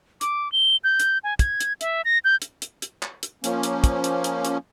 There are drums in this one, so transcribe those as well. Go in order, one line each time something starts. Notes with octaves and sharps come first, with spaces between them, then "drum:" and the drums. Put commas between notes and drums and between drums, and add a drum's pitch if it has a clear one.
D6, drum: hi-hat
G7
G6
drum: hi-hat
G#5
G#6, drum: kick, hi-hat
drum: hi-hat
E5, drum: hi-hat
A#6
G6
drum: hi-hat
drum: hi-hat
drum: hi-hat
drum: clap
drum: hi-hat
F3 A#3 C#4, drum: hi-hat
drum: hi-hat
drum: kick, hi-hat
drum: hi-hat
drum: hi-hat
drum: hi-hat